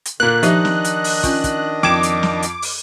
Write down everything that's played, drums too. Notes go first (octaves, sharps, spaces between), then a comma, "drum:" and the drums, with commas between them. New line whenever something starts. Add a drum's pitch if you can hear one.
drum: hi-hat
A#2 D3 A#3 F#6
D#3 F3 D4 D#4 G4 D#5 E5, drum: hi-hat
drum: snare
drum: hi-hat
drum: open hi-hat
C#4 F4, drum: kick, hi-hat
drum: kick, hi-hat
F2 G5 D6 G#6 E7
drum: hi-hat
drum: snare
drum: hi-hat
drum: open hi-hat